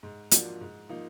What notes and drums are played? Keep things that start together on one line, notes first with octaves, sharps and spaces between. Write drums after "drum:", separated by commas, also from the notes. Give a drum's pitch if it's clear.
G#2
F3 A#3 D4 F#4, drum: hi-hat
G#2
F3 A#3 D#4